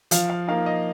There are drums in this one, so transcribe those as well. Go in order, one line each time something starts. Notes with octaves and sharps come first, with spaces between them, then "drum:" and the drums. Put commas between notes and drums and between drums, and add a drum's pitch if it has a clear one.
F3 F5, drum: hi-hat
F5
A#3 D#4 F5
D#5